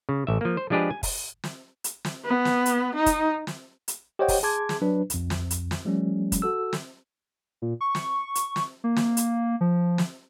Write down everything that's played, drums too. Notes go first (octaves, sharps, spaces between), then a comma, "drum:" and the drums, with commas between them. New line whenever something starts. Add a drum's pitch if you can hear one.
C#3
A1 E5
F3 A#3
C5
F3 G#3 D4 G4 G#4 B4
G#5
drum: kick, open hi-hat
drum: snare
drum: hi-hat
drum: snare
B3
drum: snare
drum: hi-hat
D#4
drum: kick, hi-hat
drum: snare
drum: hi-hat
G4 C5 C#5 D#5 F#5 G5
drum: kick, open hi-hat
G#4 A5 C6 D6 G#6
drum: snare
F#3 D4 B4
B1 F2, drum: hi-hat
drum: snare
drum: hi-hat
drum: snare
F3 G3 A3 C#4
drum: kick, hi-hat
F#4 A4 E6
drum: snare
A#2
C#6
drum: snare
drum: hi-hat
drum: snare
A#3
drum: snare
drum: hi-hat
F3
drum: snare